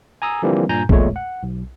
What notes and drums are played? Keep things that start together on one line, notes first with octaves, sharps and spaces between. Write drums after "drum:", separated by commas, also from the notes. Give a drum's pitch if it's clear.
G#5 A#5 D#6 E6
D3 E3 F3 G3 A#3 C4
G2 A#2 G#5 A#5 G6
B1 E2 A#2 G#3 A3 C#5, drum: kick A#1
F#5
B1